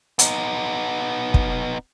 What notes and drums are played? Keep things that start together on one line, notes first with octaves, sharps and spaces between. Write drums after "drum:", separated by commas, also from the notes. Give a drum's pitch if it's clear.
B3 D#4, drum: hi-hat
drum: kick